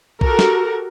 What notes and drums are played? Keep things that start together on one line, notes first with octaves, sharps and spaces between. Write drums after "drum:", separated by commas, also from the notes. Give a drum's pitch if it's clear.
F#4 G4 A4 A#4, drum: kick
drum: snare